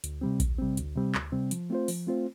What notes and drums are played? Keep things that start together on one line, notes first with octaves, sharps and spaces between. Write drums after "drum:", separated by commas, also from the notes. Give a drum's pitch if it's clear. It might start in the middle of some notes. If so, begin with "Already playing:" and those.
D2, drum: hi-hat
C3 G3 C4
D2, drum: kick A#1, hi-hat
C3 G3 C4
D2, drum: hi-hat
C3 G3 C4
D2, drum: clap
C3 G3 C4
F3, drum: hi-hat
A3 C4 F4 C5
F3, drum: open hi-hat
A3 C4 F4 C5